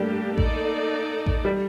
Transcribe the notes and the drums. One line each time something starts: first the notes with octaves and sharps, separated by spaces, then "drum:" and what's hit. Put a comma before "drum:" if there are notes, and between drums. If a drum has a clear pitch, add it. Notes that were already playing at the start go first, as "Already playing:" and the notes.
Already playing: G3 A3 A#3 D4 G4
A#3 D#4 A4 D5, drum: kick A1
drum: kick A1
G3